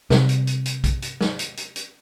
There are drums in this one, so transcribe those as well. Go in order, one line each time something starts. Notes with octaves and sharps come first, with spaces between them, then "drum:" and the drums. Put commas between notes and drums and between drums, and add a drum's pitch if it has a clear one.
C3 G3, drum: snare
drum: hi-hat
drum: hi-hat
drum: hi-hat
drum: kick, hi-hat
drum: hi-hat
drum: snare
drum: hi-hat
drum: hi-hat
drum: hi-hat